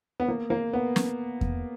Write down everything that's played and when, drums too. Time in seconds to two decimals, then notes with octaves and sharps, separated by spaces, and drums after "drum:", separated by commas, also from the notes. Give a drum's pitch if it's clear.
0.20 B3
0.28 A#3
0.50 A#3
0.73 B3
0.96 drum: snare
1.41 drum: kick E2